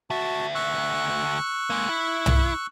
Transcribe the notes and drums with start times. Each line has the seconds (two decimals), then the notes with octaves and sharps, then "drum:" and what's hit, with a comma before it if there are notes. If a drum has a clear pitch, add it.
0.10 D2 F#4 E5 A5
0.55 C#6 E6 F#6
1.70 G#3 A#3
1.89 E4
2.26 drum: tom